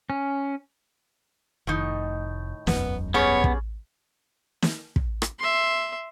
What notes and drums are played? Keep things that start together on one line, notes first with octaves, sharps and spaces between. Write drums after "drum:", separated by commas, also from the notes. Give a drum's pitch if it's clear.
C#4
F1 A2 D#3 D#4
E1 B1 F#2 B3, drum: snare
G3 B3 C#4 G#4 C#5
drum: kick
drum: snare
drum: kick
drum: rim click
E5 C6